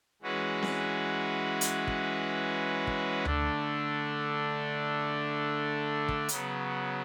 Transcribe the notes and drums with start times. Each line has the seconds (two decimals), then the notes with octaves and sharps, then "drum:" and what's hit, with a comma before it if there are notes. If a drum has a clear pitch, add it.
0.22 E3 G#3 C#4 F#4 B4
0.62 drum: snare C4
1.61 drum: hi-hat
1.87 drum: kick
2.87 drum: kick
3.25 D3 A3 D4, drum: tom D2
6.09 drum: kick
6.29 C#3 F#3 B3, drum: hi-hat